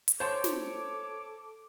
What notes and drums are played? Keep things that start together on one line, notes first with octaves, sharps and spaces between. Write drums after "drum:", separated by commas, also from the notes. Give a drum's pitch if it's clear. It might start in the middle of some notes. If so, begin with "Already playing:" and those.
drum: hi-hat
A4 C5 C#5 A5 C6 D6
drum: snare